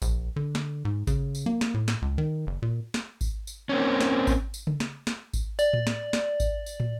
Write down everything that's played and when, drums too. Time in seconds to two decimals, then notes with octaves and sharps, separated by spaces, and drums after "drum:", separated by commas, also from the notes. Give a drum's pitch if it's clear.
0.02 A#1, drum: kick G#1, tambourine
0.36 D3
0.55 drum: snare
0.85 G#2
1.07 C#3, drum: kick G#1, tambourine
1.35 drum: tambourine
1.46 A#3, drum: tom F3
1.61 drum: snare
1.74 A2
1.88 drum: snare
2.02 C#2
2.18 D#3
2.47 F#1
2.62 A#2
2.94 drum: snare
3.21 drum: kick G#1, tambourine
3.47 drum: tambourine
3.69 A#3 C4 C#4
4.01 drum: snare
4.27 drum: kick G#1, tambourine
4.54 drum: tambourine
4.67 drum: tom C#3
4.80 drum: snare
5.07 drum: snare
5.33 drum: kick G#1, tambourine
5.59 D5, drum: tambourine
5.73 drum: tom A2
5.87 drum: snare
6.13 drum: snare
6.40 drum: kick G#1, tambourine
6.66 drum: tambourine
6.80 drum: tom